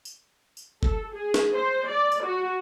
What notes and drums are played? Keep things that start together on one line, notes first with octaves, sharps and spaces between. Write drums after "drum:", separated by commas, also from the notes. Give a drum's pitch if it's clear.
drum: tambourine
drum: tambourine
A4, drum: kick G1
G#4
drum: snare
C5
D5
drum: tambourine
F#4